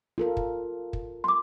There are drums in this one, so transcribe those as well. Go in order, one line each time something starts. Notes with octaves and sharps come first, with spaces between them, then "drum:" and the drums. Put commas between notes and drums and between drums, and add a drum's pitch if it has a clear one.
F4 A4 A#4
drum: kick
drum: kick
C6 D6